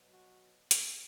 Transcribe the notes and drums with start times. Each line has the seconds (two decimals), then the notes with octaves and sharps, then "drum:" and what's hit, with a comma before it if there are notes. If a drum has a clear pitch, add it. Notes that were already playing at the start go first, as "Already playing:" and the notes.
Already playing: B2 F#3
0.11 F#4
0.71 drum: hi-hat